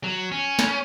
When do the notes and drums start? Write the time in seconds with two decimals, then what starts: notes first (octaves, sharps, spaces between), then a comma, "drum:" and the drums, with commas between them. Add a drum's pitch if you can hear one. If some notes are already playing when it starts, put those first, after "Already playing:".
0.04 F#3
0.32 C#4
0.59 drum: snare